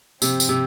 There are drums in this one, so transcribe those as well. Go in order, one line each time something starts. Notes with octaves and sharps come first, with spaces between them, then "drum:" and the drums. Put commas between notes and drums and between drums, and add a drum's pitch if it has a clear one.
G2 C3 F3 C4 G4, drum: tambourine
drum: tambourine
C3